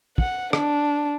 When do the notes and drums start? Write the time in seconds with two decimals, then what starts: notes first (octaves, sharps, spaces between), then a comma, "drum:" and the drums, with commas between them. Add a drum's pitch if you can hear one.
0.18 F#5, drum: kick
0.53 D4, drum: rim click